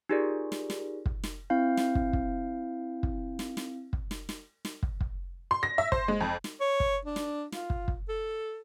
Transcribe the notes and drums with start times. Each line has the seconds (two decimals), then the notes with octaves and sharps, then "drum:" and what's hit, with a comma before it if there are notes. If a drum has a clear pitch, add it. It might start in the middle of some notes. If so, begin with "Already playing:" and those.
0.09 D#4 F4 G4 G#4 A#4 D5
0.52 drum: snare
0.70 drum: snare
1.06 drum: kick
1.24 drum: snare
1.50 C4 E4 F5 G6
1.77 drum: snare
1.95 drum: kick
2.13 drum: kick
3.03 drum: kick
3.39 drum: snare
3.57 drum: snare
3.93 drum: kick
4.11 drum: snare
4.29 drum: snare
4.65 drum: snare
4.83 drum: kick
5.01 drum: kick
5.51 C6
5.63 A#6
5.78 E5
5.92 C5, drum: kick
6.08 G#3
6.21 F2
6.44 drum: snare
6.60 C#5
6.80 drum: kick
7.05 D4
7.16 drum: snare
7.52 F4, drum: snare
7.70 drum: kick
7.88 drum: kick
8.09 A4